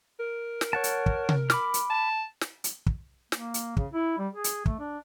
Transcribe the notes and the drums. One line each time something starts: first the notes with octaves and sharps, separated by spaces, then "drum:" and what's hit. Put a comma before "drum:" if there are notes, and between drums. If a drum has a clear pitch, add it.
A#4
drum: snare
C#5 F#5 A5
drum: hi-hat
drum: kick
drum: tom C3
B5 D6 F6, drum: snare
drum: hi-hat
A5
drum: snare
drum: hi-hat
drum: kick
A#3, drum: snare
drum: hi-hat
C#3, drum: kick
E4
G3
G#4
drum: hi-hat
A3, drum: kick
D4